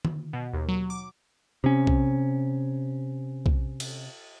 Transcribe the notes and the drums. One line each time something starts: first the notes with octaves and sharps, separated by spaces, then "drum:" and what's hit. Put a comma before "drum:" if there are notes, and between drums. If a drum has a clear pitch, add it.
drum: tom
B2
D#2
F#3
D6
C3 C#4
drum: kick
drum: kick
drum: cymbal